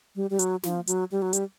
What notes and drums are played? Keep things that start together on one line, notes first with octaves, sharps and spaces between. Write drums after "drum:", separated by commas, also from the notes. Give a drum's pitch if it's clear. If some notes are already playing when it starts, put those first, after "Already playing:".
G3
G3
F#3, drum: hi-hat
F3, drum: snare
F#3, drum: hi-hat
G3
F#3
G3, drum: hi-hat